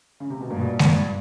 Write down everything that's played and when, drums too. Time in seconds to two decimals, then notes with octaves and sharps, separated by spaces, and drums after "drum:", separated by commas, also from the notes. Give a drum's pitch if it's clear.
0.20 C#3
0.30 C3
0.40 B2
0.50 G2 A#2
0.59 B2
0.65 A#2
0.79 G2, drum: snare G#3